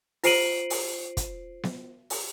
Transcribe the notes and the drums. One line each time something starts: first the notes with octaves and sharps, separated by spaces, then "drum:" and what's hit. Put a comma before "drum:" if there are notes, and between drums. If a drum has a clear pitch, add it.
F4 C5 C7 D7 D#7 F#7, drum: open hi-hat
drum: open hi-hat
drum: kick, hi-hat
drum: snare B3
drum: open hi-hat